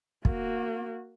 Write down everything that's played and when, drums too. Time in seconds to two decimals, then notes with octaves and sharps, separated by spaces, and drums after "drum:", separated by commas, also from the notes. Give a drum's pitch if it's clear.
0.25 A#3 F#4, drum: kick